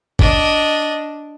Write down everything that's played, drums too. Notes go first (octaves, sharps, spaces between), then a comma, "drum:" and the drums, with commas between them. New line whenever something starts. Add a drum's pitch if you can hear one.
D4 D#5, drum: kick G1